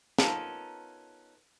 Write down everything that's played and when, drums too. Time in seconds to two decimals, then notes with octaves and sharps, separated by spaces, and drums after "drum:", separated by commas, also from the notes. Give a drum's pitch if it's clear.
0.18 B3 C#4 D#4 F4 A4 A#4, drum: snare